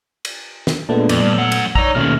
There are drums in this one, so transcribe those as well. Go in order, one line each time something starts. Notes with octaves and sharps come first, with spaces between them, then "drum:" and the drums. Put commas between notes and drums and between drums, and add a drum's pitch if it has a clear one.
drum: cymbal
drum: snare
A#2 G#3 A3 B3 D4
F2 D5, drum: cymbal
G2
F#2 F#5 E6
drum: cymbal
D#4 C#5 D5 A#5 E6 A#6, drum: kick
D#2 B2 A3 C#4 F6